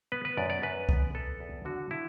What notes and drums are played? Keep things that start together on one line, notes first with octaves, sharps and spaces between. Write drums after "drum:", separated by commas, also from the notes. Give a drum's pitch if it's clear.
B3 B4
B4
F#2 D5
D5
F#2 B4
B3, drum: kick C2
B3 A4
E2
D3 F#4
D3 E4